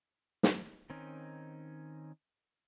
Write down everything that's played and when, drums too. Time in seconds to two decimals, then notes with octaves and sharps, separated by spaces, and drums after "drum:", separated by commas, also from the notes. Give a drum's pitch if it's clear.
0.43 drum: snare
0.90 D#3 C4 C#4 D#4